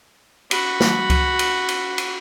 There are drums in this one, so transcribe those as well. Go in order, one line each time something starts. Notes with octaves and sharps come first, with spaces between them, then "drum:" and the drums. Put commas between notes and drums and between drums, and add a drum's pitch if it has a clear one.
F#4 B5, drum: cymbal
drum: snare
drum: kick C#2, cymbal
drum: cymbal
drum: cymbal
drum: cymbal